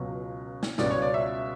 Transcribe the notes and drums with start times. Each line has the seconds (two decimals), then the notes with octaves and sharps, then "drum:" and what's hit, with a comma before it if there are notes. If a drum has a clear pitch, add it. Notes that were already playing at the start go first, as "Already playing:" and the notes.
Already playing: C#2 B2 F#3 C#4
0.63 drum: snare
0.78 C#2 B2 G3 C#4 D5, drum: snare
0.90 C#5
1.02 D5
1.14 E5